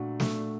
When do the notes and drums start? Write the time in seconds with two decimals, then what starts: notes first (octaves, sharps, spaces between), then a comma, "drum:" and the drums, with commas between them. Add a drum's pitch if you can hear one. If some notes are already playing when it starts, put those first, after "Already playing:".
Already playing: A#2 A3 D4 F#4
0.20 A3, drum: snare